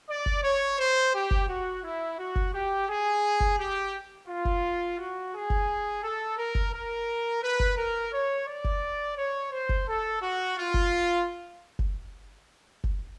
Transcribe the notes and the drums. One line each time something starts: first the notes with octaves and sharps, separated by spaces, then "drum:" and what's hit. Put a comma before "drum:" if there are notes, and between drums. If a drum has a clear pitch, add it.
D5
drum: kick F#1
C#5
C5
G4
drum: kick F#1
F#4
E4
F#4
drum: kick F#1
G4
G#4
drum: kick F#1
G4
F4
drum: kick F#1
F#4
G#4
drum: kick F#1
A4
A#4
drum: kick F#1
A#4
B4
drum: kick F#1
A#4
C#5
D5
drum: kick F#1
C#5
C5
drum: kick F#1
A4
F#4
F4
drum: kick F#1
drum: kick F#1
drum: kick F#1